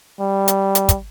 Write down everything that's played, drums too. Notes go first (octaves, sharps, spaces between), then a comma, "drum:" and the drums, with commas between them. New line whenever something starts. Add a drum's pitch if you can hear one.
G3
drum: hi-hat
drum: hi-hat
drum: kick, hi-hat